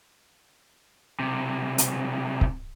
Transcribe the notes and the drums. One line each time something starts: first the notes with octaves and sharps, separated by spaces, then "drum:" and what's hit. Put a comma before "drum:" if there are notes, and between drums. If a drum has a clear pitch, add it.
B1 C3
drum: hi-hat
drum: kick